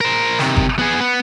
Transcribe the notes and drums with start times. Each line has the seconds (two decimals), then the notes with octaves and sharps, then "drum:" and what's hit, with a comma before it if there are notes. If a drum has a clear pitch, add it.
0.01 A#4 C5
0.39 C3 D#3, drum: snare
0.57 drum: kick G1
0.79 B3 G#4
1.00 B3